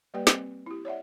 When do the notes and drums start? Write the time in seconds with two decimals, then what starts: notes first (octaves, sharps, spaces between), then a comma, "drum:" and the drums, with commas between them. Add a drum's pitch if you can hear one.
0.14 G3 A#3 G4 B4 D5 G5
0.27 C4, drum: snare
0.66 E4 G4
0.85 C#5 D5 E5 F#5